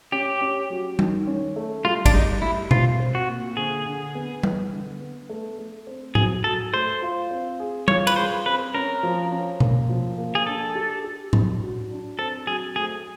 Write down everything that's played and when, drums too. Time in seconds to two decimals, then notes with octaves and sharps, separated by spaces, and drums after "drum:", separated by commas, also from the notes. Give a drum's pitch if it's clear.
0.12 C#4 G4
0.41 C#4
0.70 F#3
0.99 D#3, drum: tom G3
1.27 C#4
1.56 A3
1.85 G3 F4
2.06 D4, drum: kick, cymbal
2.14 G3 D#4
2.42 G3 E4
2.71 C4 F4, drum: tom B2
3.00 C4
3.15 F#4
3.29 A#2
3.57 D3 G#4
3.86 D3
4.15 B3
4.43 B3, drum: tom G3
4.72 D3
5.01 B3
5.29 A3
5.59 A3
5.87 C4
6.15 F#3 G#4, drum: tom A2
6.44 F#3 A4
6.73 A3 C5
7.02 F4
7.31 C4
7.60 G#4
7.88 F4 C#5, drum: tom G3
8.07 B4, drum: cymbal
8.16 G#4 C5
8.46 C4 B4
8.75 C#4 A#4
9.03 F3
9.32 C#4
9.60 A#3, drum: tom B2
9.89 F3
10.18 A#3
10.35 G#4
10.46 D4 A4
10.75 G4
11.04 G4
11.33 D4, drum: tom A2
11.61 F#3
11.91 D4
12.19 C4 A4
12.47 F#3 G#4
12.76 A3 G#4